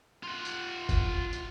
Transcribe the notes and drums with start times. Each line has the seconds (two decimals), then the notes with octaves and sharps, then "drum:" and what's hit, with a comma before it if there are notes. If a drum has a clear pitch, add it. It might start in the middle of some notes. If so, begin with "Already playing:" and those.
0.23 F4 F#5
0.45 drum: tambourine
0.89 drum: kick, tambourine
1.33 drum: tambourine